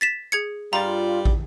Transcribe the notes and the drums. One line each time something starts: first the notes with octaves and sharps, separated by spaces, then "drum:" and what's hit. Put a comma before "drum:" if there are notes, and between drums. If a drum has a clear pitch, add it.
A6 B6 E7
G#4 G#6 C#7
G2 G3 F4 D5 A#5
drum: kick